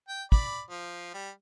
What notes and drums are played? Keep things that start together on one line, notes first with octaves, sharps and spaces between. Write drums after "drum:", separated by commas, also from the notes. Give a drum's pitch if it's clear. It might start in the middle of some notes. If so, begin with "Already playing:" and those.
G5
D5 B5, drum: kick
F3
G3